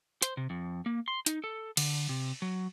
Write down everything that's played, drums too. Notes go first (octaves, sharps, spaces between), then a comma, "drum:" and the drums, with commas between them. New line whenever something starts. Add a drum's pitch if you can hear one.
C5, drum: hi-hat
C3
F2
A#3
C6
D#4, drum: hi-hat
A4
D3, drum: cymbal
C3
F#3